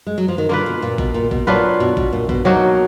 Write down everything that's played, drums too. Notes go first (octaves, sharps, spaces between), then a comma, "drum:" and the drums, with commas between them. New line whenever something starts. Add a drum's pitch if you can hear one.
G#3
F#3
F3
D#3
D3 A#3 F4 B4
B2
A#2
B2, drum: kick A1
A#2
B2, drum: kick A1
A#2 F#3 D4 F4 B4
B2
B2, drum: kick A1
A#2
B2, drum: kick A1
B2 F#3 A#3 D#4 F#4